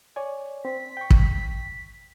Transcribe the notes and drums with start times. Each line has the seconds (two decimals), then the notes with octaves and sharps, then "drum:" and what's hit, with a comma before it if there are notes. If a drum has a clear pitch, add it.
0.16 C#5 D5 G#5
0.65 C4 B6
0.97 G5 C#6
1.10 drum: kick